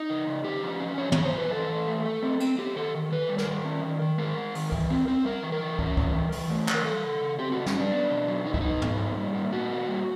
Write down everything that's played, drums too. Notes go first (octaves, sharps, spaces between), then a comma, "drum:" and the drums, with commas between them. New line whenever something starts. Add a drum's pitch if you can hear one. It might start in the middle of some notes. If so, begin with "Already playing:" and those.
Already playing: D#4
C#3
C#3
C#4 G4
F3
C#4
F3 C#5
C#3 C#5, drum: tom
C5
F3 B4
E3 A4
E3
A3
A3
C4
C4, drum: cymbal
B3 G4
D#3 A4
D#3
D#3 B4
G3
A#4, drum: snare
D#3
C#4
D#3
D#3
G#3 A#4
G#3
D#3, drum: open hi-hat
E3, drum: kick
C4
C4
G3 A#4
E3
A#4
E3
C#4, drum: kick
E3, drum: kick
E3
E3, drum: open hi-hat
A3
E3, drum: clap
A#4
G3 A4
C#3
C#3
C4 G4
C#3 F#4
C#4, drum: snare
G3 D4
B3
B2
F#3
B2 D#4
E4, drum: kick
B2 D#4
B3, drum: tom
A#2
G3
A#3
A#2 F#4
A#3
G3